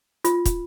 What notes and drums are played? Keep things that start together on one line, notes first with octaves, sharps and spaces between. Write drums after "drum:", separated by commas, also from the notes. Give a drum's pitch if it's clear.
F4, drum: hi-hat
drum: kick, hi-hat